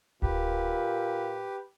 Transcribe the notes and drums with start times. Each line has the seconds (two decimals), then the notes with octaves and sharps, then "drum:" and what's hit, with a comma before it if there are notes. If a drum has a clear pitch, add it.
0.22 A#2 G4 B4, drum: kick D1